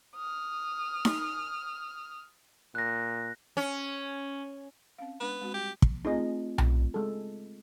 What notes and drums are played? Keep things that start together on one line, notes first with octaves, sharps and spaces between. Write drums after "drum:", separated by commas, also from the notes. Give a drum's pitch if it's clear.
D#6 F6
drum: snare D#4
A#2 F#6 A#6
C#4
C4 C#4 F5
G#3 B3 D4 B4
G#3 C4 F#4
G3 G4
drum: kick
A3 C4 D#4 F4 G#4 D#5
drum: tom B1
G#3 A4